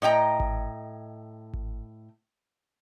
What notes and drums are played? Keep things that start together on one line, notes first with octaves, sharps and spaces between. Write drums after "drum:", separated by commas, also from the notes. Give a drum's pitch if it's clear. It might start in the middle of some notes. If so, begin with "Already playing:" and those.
A2 D#5 G5 A#5
drum: kick G#1
drum: kick G#1